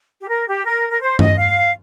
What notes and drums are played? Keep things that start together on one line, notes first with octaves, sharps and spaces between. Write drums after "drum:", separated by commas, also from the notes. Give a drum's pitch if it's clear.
G4
A#4
G4
A#4
A#4
C5
D#5, drum: tom G2
F5